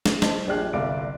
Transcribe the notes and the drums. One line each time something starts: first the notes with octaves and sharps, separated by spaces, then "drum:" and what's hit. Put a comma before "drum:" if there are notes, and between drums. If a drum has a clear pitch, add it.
drum: snare
C5 D#5 A5, drum: snare
A#1 D4 G4 G#4 F#6 C7
G1 C2 D5 F5 D6 D7